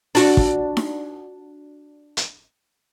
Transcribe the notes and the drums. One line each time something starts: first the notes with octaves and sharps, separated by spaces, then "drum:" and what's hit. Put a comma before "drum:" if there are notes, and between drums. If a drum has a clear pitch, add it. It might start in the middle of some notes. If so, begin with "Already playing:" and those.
D4 F#4, drum: open hi-hat
drum: kick
drum: snare D#4
drum: hi-hat